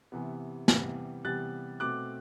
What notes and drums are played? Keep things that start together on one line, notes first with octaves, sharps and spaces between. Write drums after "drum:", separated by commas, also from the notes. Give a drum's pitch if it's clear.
C3 E3 B3
C3 E3 G3 B3, drum: snare
C3 E3 G3 B3 F#6 A6
B2 A3 C4 D6 F#6